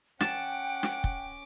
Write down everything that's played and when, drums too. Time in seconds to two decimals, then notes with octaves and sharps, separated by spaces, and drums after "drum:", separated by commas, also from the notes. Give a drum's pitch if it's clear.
0.21 C#4 F#5 G5 A5 D6, drum: snare
0.83 drum: snare
1.04 drum: kick